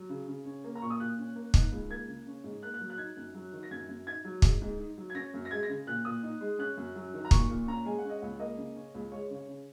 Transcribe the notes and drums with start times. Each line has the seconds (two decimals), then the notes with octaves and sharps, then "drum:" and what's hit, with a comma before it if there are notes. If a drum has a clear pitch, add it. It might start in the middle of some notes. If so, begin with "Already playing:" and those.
Already playing: F#3
0.09 C#3
0.28 C#3
0.45 C#4
0.64 A#3
0.75 A#5
0.81 A#2 C#6
0.90 D#6
1.00 A#2 F#6
1.19 C#4
1.35 A#3
1.54 D#4, drum: kick
1.72 C#2
1.90 A#3 G#6
2.08 C#3
2.27 C#4
2.44 G#2
2.63 A#3 F#6
2.74 F#6
2.81 F#3
2.90 F#6
2.98 D#4 G#6
3.16 F#2
3.35 F#3
3.53 D#3
3.63 A#6
3.71 F#2 G#6
3.88 F#2
4.07 D#4 G#6
4.25 F#3
4.42 G#2, drum: kick
4.61 G#2
4.79 D#4
4.98 F#3
5.10 G#6
5.15 C#4 A#6
5.34 F#2
5.45 A#6
5.51 G#3 G#6
5.63 A#6
5.69 C#3
5.87 A#2 F#6
6.05 A#2 D#6
6.23 D#4
6.41 G#3
6.59 C#4 F#6
6.77 F#2
6.95 F#3
7.14 D#3
7.25 A#5
7.31 A#2 C#6, drum: kick
7.49 A#2
7.67 C#4 A#5
7.85 G#3 G#5
7.98 F#5
8.04 C#4
8.09 D#5
8.22 C#2 F#5
8.39 A#3 D#5
8.58 C#3
8.76 C#4
8.95 C#2
9.12 G#3 C#5
9.30 C#3 C#5
9.48 C#3